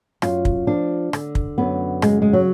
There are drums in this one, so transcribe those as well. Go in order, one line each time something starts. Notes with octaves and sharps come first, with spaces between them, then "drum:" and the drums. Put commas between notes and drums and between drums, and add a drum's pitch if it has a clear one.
F#2 F4, drum: rim click
drum: kick
F3 D4
D3, drum: rim click
drum: kick
F#2 B3
C#3 G#3, drum: rim click
G#3
F#3